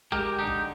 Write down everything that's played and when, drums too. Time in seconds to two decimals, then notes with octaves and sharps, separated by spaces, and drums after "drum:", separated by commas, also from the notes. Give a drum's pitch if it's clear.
0.12 G#3 G4 A#4, drum: kick
0.38 D3 D#4 G4
0.47 drum: kick